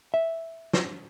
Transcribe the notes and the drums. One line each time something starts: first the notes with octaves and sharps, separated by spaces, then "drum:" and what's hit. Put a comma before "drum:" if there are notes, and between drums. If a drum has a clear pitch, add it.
E5
drum: snare